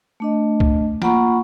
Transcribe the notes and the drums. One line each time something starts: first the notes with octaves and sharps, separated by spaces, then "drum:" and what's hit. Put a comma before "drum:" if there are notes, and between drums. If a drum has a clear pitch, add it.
A3 D4 D#5
drum: kick
A#3 F4 F#5 A#5 B5 C#6, drum: snare